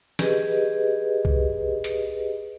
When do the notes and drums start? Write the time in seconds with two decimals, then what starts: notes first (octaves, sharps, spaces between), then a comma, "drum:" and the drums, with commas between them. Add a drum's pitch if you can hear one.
0.19 G4 G#4 B4 D#5, drum: snare
1.25 drum: kick C2
1.84 drum: hi-hat